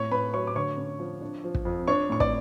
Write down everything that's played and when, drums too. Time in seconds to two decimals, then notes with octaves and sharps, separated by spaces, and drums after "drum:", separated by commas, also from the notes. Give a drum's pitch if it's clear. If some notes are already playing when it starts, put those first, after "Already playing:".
Already playing: A2 C#5 C#6
0.11 A2 B4 B5
0.33 F#3 C#5 C#6
0.47 D6
0.55 D3 C#5 C#6
0.77 C#4
0.99 F3
1.21 D4
1.44 F3
1.55 drum: kick
1.65 F2
1.88 D4 C#5 C#6
2.09 A2 C#6
2.20 D5 D6, drum: kick